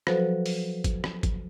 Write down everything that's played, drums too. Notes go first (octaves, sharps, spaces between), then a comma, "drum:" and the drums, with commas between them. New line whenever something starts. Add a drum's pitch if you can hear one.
F3 F#3 F#4 A4 B4 C5, drum: rim click
drum: open hi-hat
drum: kick G#1, hi-hat
drum: rim click
drum: kick G#1, hi-hat